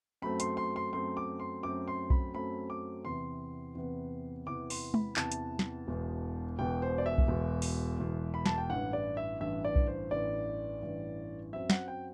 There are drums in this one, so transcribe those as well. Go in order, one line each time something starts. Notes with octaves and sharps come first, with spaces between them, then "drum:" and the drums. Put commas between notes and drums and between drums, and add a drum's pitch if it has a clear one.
F#2 F#3 A3 C4 B5
C6, drum: hi-hat
C6
C6
F#2 F#3 A3 C4 C6
D6
C6
F#2 F#3 A3 C4 D6
C6
B5, drum: kick B1
F#2 F#3 A3 C4 B5
D6
E2 C3 E3 B3 C6
E2 C3 E3 B3
E2 C3 E3 B3 D6
C6, drum: open hi-hat
B5, drum: tom G#3
E2 C3 E3 B3 A5, drum: clap
drum: hi-hat
drum: snare
E1 E2 B2
E1 E2 B2 G5
C5
D5
E5
drum: kick B1
E1 E2 B2
drum: open hi-hat
E1 E2 B2
B5
A5, drum: snare
G5
A1 G2 E3 F#5
D5
E5
A1 G2 E3 E5
D5
drum: kick B1
C5
A1 G2 E3 D5
A1 G2 E3
F#2 F#3 C4 E5
F#5, drum: snare
G5